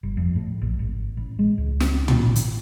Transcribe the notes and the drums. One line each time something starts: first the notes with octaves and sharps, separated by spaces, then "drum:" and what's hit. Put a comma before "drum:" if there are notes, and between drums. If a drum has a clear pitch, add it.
G1
F2
A2
A#1
G#1
A1
G#3
C#2
drum: snare
D#3, drum: tom
A1
drum: hi-hat